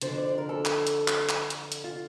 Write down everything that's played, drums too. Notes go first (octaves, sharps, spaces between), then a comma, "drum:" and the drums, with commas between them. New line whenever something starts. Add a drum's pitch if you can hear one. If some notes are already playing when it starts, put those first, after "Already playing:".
F2 D3 F3 C5, drum: hi-hat
D5
A#4
A4
drum: clap
drum: hi-hat
drum: clap
drum: clap
drum: hi-hat
drum: hi-hat
F4